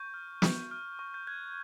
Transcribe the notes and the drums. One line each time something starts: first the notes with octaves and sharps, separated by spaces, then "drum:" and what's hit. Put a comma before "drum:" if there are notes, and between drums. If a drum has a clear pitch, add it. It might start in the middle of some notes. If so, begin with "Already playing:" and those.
Already playing: C#6 G6
F6
C#6, drum: snare
F6
C#6
G6
F#6 G#6